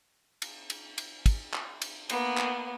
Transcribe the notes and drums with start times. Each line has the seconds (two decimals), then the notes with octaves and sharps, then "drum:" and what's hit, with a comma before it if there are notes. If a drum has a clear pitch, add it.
0.42 drum: cymbal
0.70 drum: cymbal
0.98 drum: cymbal
1.26 drum: kick, cymbal
1.54 drum: clap
1.82 drum: cymbal
2.10 A#3 B3, drum: cymbal
2.37 drum: clap